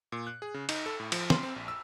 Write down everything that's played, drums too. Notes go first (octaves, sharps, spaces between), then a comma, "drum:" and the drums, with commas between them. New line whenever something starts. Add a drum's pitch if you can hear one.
A#2
F#6
G#4
C#3
D#4, drum: cymbal
A4
A2
F3, drum: cymbal
C6, drum: snare
C4
A#1
E6